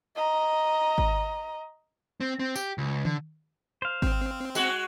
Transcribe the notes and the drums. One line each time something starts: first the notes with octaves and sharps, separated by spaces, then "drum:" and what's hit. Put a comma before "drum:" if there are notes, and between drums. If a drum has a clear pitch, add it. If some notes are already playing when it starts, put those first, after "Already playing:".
D#5 A#5
drum: kick G#1
C4
C4
G4, drum: tambourine
C#2
D3, drum: tom D#3
C5 F5
C4, drum: kick G#1
G#3 F#4, drum: tambourine